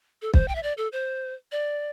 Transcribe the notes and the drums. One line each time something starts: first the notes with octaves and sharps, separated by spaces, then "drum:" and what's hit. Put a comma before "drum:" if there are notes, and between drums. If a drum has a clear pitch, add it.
A4
C5, drum: kick
G5
E5
D5
A4
C5
D5